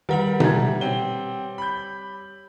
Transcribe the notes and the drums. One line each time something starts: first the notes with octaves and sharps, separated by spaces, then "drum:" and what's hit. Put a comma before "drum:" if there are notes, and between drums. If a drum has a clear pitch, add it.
D#3 G3 A#4 B4 F#5 A#5 F#7
E5 A#5 G#6, drum: tom B2
C4 C#5 G7
B5 G6